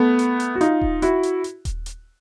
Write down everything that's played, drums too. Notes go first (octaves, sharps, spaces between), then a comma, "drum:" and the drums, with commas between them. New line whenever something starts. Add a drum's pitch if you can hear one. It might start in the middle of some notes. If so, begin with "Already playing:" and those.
Already playing: A3 B3
drum: hi-hat
drum: hi-hat
F#4
D#4 F4, drum: hi-hat
drum: kick D#1
E4 F#4, drum: hi-hat
drum: hi-hat
drum: hi-hat
drum: kick D#1, hi-hat
drum: hi-hat